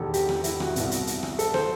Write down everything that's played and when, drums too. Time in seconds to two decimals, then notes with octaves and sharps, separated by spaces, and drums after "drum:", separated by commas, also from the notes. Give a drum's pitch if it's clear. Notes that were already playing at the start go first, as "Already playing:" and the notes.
Already playing: E1 E2 D#3 G4 A4
0.14 G4, drum: hi-hat
0.29 drum: rim click
0.44 E4, drum: hi-hat
0.60 F#4, drum: rim click
0.76 C2 B2, drum: hi-hat
0.91 drum: hi-hat
1.07 drum: hi-hat
1.23 drum: rim click
1.39 A4, drum: hi-hat
1.54 C5, drum: rim click